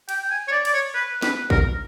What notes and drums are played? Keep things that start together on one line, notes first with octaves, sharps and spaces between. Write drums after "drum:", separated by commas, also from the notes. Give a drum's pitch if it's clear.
G5, drum: cymbal
G5
G#5
C#5
D5
D5, drum: cymbal
C#5
B4
B4, drum: snare
A#4, drum: kick